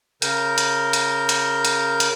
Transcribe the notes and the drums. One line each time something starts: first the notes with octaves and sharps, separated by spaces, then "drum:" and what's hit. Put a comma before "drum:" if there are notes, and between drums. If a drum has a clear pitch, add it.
C#3 A#4 G6, drum: hi-hat
drum: hi-hat
drum: hi-hat
drum: hi-hat
drum: hi-hat
drum: hi-hat